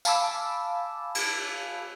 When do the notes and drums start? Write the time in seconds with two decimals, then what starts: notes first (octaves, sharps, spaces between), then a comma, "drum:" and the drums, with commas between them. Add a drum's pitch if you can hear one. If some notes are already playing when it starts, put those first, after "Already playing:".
0.05 F5 G#5 A5 B5 D6 E6, drum: tambourine
1.15 drum: cymbal